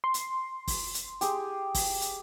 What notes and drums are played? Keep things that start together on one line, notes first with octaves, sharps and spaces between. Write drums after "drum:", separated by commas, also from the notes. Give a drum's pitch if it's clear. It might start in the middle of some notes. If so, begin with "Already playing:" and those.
C6
drum: hi-hat
drum: kick F#1, open hi-hat
drum: hi-hat
G4 G#4, drum: hi-hat
drum: kick F#1, open hi-hat
drum: hi-hat